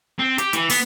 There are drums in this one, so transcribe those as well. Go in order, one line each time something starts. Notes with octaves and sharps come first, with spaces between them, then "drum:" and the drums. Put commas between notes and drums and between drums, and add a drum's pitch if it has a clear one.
C4
G4, drum: hi-hat
E3, drum: hi-hat
B3, drum: open hi-hat